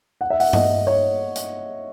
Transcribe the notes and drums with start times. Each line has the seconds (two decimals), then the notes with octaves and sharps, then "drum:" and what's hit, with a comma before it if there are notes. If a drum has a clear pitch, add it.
0.21 F#5
0.30 E5
0.40 F#5, drum: open hi-hat
0.53 D#5, drum: tom G2
0.87 C#5
1.36 drum: hi-hat